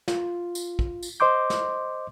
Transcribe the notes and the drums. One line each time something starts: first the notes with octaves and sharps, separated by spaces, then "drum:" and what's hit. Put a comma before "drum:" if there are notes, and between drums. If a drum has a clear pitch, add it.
F4, drum: snare
drum: tambourine
drum: kick
drum: tambourine
C5 D#5 C6 D6 G6
drum: snare